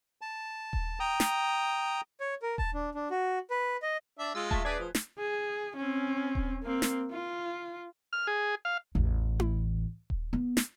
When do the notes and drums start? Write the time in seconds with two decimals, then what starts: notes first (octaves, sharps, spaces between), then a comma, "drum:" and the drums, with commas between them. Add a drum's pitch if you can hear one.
0.21 A5
0.73 drum: kick D#1
1.00 G5 A#5 D#6
1.20 drum: snare
2.20 C#5
2.42 A#4
2.58 A5, drum: kick D#1
2.74 D4
2.95 D4
3.11 F#4
3.50 B4
3.82 D#5
4.19 D4 E5
4.35 G#3 F4 E6
4.51 A3 E5 A5, drum: kick D#1
4.65 D4 G#4 B4 D5
4.79 F3
4.95 drum: snare
5.18 G#4
5.77 C4 C#4
6.35 drum: kick D#1
6.64 A#3 C4
6.82 drum: snare
7.11 F4
8.13 F6
8.27 G#4
8.65 F5
8.95 A1 E2
9.40 drum: tom E4
10.10 drum: kick D#1
10.33 B3
10.57 drum: snare